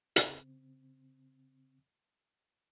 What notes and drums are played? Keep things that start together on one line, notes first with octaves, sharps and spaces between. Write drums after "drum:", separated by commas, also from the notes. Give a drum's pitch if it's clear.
C#3 C4, drum: hi-hat